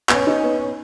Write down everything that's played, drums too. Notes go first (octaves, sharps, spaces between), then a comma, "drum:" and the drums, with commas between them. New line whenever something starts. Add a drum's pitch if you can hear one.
B3 C#4, drum: clap
D#4
B3